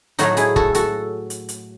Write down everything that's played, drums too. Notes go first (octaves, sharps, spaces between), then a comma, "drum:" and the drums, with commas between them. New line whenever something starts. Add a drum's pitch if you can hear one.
A2 F#3 A3 D#4 F#4, drum: hi-hat
E4 G#4, drum: hi-hat
F#4 A4, drum: kick
F#4 A4, drum: hi-hat
drum: hi-hat
drum: hi-hat